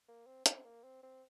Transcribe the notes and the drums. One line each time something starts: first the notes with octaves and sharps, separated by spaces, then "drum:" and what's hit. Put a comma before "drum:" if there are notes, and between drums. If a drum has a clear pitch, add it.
A#3
C4
C4, drum: hi-hat
A#3
C4
C4